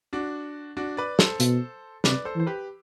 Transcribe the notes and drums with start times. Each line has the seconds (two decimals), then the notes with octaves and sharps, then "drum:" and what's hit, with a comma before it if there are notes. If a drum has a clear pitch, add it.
0.13 D4 F#4
0.77 D4 F#4
0.97 B4 D5
1.19 A4 C5, drum: snare
1.40 B2, drum: hi-hat
2.04 C3 B4 D5, drum: snare
2.25 A4 C5
2.36 E3 C5
2.47 G4 B4